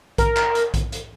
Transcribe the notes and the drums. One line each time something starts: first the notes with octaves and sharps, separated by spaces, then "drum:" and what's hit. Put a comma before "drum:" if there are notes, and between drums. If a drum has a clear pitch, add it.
A#4, drum: kick A#1, hi-hat
drum: clap
drum: hi-hat
drum: kick A#1, hi-hat
drum: hi-hat